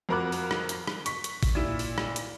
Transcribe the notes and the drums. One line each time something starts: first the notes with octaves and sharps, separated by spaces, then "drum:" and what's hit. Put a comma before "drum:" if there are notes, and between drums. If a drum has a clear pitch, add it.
F2 F#4 A#4 B5 D6 F#6
drum: open hi-hat
drum: rim click
drum: hi-hat
drum: rim click
C#6 B6, drum: hi-hat
drum: hi-hat
drum: kick, open hi-hat
A#2 E4
drum: open hi-hat
drum: rim click
drum: hi-hat